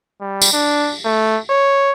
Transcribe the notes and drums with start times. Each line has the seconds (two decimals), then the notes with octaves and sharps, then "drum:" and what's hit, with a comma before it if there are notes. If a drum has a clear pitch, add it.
0.20 G3
0.42 drum: tambourine
0.53 D4
1.05 A3
1.50 C#5